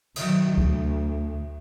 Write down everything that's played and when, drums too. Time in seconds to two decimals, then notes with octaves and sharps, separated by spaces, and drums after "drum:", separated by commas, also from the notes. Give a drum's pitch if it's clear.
0.16 D#3 F#3, drum: cymbal
0.58 D2, drum: kick C#2